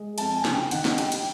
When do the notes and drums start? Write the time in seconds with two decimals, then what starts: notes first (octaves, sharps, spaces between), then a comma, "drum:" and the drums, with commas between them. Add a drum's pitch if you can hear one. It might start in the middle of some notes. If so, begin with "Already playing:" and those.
Already playing: G#3
0.18 F2 A5, drum: cymbal
0.36 G#5
0.45 C#3, drum: snare
0.53 G5
0.71 D#3 F#5, drum: cymbal
0.85 drum: snare
0.98 G3 G5, drum: cymbal
1.12 drum: cymbal